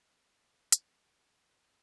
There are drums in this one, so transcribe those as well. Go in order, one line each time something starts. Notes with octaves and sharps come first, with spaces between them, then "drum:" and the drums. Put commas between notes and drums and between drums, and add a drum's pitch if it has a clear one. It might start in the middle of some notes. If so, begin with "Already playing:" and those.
Already playing: D4
D5
B4
D5, drum: hi-hat
B4
B4
B4